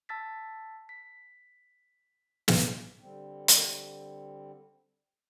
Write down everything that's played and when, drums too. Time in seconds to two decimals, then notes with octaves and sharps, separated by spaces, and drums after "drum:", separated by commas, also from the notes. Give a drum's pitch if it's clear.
0.09 A5 E6 A6 B6
0.89 B6
2.48 drum: snare
3.00 D3 G3 C4
3.48 drum: hi-hat